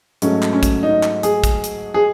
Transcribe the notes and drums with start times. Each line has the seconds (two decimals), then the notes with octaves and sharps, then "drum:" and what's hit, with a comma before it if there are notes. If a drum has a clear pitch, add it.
0.22 G#2 F#3 A3 C#4, drum: hi-hat
0.42 drum: clap
0.53 C#4
0.63 drum: kick, hi-hat
0.83 D#4
1.03 drum: clap
1.23 G#4, drum: hi-hat
1.44 drum: kick, hi-hat
1.64 drum: hi-hat
1.94 G#4